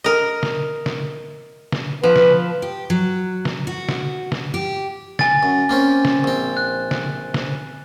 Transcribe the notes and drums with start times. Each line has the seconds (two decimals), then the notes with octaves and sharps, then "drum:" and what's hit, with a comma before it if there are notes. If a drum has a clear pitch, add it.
0.04 A#4 D#5
0.43 drum: snare
0.86 drum: snare
1.72 drum: snare
2.03 F3 B4
2.16 drum: snare
2.62 G4
2.90 F#3
3.45 drum: snare
3.67 F#4
3.89 drum: snare
4.32 drum: snare
4.54 G4
5.19 G#5 A6, drum: snare
5.43 F#2
5.69 A#3 C4 C#4
6.05 drum: snare
6.24 A#1 C4
6.57 F#6
6.91 drum: snare
7.34 drum: snare